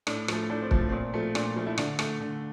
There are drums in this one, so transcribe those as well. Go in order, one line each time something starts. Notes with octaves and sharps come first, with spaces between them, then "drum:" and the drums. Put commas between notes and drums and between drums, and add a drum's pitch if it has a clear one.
A2 D4, drum: rim click
F3 A3, drum: rim click
A2 D4
C4
F3 A3, drum: kick
A#2 C4
F3 A3
A#2 D4, drum: rim click
F3 A3
E4
D3 D4, drum: rim click
A3, drum: rim click
D3